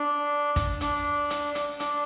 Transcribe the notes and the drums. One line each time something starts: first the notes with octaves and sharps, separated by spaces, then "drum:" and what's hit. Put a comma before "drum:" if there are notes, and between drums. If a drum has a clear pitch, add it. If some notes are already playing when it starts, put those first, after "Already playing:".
Already playing: D4
drum: kick, hi-hat
D4, drum: hi-hat
drum: hi-hat
drum: hi-hat
D4, drum: hi-hat